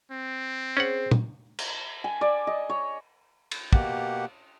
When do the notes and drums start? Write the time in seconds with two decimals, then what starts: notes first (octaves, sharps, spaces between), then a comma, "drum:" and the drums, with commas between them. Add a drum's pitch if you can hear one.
0.11 C4
0.77 C#4 G#4 C5 F#5
1.11 drum: tom
1.59 drum: cymbal
2.04 G#5
2.21 D5
2.47 D#5
2.70 C#5
3.51 drum: cymbal
3.73 B2 A#3 G4 F#5, drum: kick